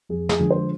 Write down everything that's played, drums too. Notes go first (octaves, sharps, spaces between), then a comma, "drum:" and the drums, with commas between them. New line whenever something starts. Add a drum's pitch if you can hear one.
F2 G#4
G#4, drum: snare
D3 F3 G#3
C5